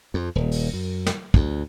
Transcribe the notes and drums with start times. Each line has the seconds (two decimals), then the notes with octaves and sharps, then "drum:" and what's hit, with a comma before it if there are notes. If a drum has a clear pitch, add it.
0.14 F2
0.35 D#1
0.51 drum: open hi-hat
0.73 F#2
1.07 drum: snare
1.34 D2, drum: kick